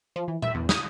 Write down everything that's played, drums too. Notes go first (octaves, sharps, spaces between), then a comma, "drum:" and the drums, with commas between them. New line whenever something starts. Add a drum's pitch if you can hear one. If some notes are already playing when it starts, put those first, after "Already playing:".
F3
E3
E5, drum: tom A#2
E2
D#6, drum: snare